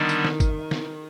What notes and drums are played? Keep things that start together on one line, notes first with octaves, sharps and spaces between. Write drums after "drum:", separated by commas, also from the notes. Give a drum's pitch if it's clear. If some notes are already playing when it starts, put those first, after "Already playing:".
Already playing: D3 D#3 G3 B3 D4
drum: tambourine
drum: snare
drum: kick, tambourine
drum: snare